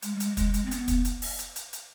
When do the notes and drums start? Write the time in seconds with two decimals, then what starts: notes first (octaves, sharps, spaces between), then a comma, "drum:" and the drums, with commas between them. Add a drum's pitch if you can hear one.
0.03 G#3, drum: hi-hat
0.16 G3
0.20 G#3, drum: hi-hat
0.37 G#3, drum: kick, hi-hat
0.54 G#3, drum: hi-hat
0.65 C4
0.71 B3, drum: hi-hat
0.88 drum: kick, hi-hat
1.05 drum: hi-hat
1.22 drum: open hi-hat
1.39 drum: hi-hat
1.56 drum: hi-hat
1.73 drum: hi-hat